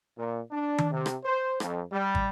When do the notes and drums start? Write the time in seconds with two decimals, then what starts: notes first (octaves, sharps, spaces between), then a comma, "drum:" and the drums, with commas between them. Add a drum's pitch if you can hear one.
0.17 A#2
0.51 D4
0.78 drum: tom D#3
0.91 C3
1.06 drum: rim click
1.23 C5
1.60 F2, drum: rim click
1.92 G3
2.15 drum: kick